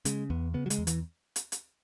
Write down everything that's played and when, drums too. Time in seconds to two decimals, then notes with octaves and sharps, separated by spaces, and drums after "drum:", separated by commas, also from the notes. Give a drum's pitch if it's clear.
0.05 C#3 G#3, drum: hi-hat
0.30 E2 B3
0.54 C#3 B3
0.66 F#3
0.70 G#3, drum: hi-hat
0.78 E2
0.87 E3, drum: hi-hat
1.36 drum: hi-hat
1.52 drum: hi-hat